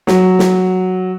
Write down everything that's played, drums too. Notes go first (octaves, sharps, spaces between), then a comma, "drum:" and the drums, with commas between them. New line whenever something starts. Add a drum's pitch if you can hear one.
F#3, drum: snare
drum: snare